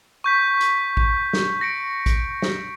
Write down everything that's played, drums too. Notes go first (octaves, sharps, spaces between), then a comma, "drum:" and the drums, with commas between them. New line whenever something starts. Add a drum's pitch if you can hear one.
C#6 G6 B6
drum: hi-hat
drum: kick
drum: snare
A#6 C#7 D7
drum: kick, hi-hat
drum: snare